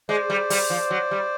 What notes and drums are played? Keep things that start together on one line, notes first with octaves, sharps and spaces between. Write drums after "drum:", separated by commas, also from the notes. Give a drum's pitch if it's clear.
G#3 C5 D5
G3
G3, drum: open hi-hat
F3
F#3
G3